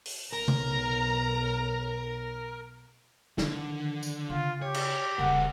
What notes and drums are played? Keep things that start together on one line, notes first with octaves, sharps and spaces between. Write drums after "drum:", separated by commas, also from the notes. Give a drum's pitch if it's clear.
drum: open hi-hat
B1 A#4 A#5
drum: tom C3
D3 D#3 F3, drum: snare
drum: tambourine
C#3 F4
G4 C#5
drum: cymbal
D#1 C#3 G#4 A#4 F#5